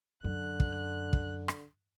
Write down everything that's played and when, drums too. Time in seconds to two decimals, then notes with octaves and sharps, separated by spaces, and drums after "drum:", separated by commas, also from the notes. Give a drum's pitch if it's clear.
0.24 F#2 D3 F#6
0.60 drum: kick
1.13 drum: kick
1.48 drum: rim click